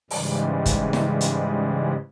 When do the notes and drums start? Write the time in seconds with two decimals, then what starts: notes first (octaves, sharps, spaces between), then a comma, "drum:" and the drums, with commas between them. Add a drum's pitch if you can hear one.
0.10 G#2 C#3 E3 G3 G#3, drum: open hi-hat
0.66 drum: kick, hi-hat
0.93 drum: snare
1.21 drum: hi-hat